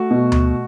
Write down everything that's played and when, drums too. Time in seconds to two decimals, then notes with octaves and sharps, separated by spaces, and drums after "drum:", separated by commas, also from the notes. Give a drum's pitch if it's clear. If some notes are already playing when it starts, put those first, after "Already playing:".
Already playing: A3 F#4
0.11 B2
0.32 drum: tom D2